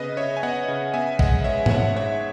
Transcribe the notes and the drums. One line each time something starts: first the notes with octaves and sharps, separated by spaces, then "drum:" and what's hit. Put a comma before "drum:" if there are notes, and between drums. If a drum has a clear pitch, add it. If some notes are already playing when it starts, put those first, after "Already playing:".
Already playing: C#3 B3 B4 D#5
C#3 C#5 E5
G#5
B3 D#5 F#5
C#3
B3 E5 G#5
G#3 D#5 F#5, drum: kick A#1
G#3 C#5 E5
F#5, drum: tom G#2
B3 C#5 E5
G#2 C#5 E5